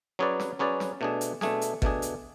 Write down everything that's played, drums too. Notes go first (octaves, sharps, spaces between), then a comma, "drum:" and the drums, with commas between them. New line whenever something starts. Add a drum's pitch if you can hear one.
F#3 C#4 G#4 B4 D5
drum: snare
F#3 C#4 G#4 B4 D5
drum: snare
B2 A3 D4 G#4
drum: hi-hat
B2 A3 D4 G#4, drum: snare
drum: hi-hat
B2 A3 D4 G#4, drum: kick
drum: hi-hat